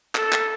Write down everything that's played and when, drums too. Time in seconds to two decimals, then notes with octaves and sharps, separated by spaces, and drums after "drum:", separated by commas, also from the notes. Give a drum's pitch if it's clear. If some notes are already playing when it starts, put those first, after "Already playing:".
0.15 A4, drum: clap
0.32 drum: clap